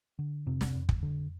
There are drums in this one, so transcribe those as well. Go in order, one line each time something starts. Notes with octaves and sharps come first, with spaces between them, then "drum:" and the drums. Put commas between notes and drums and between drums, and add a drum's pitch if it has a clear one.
D3
F2 C3 C4
drum: snare
F2
drum: kick
D3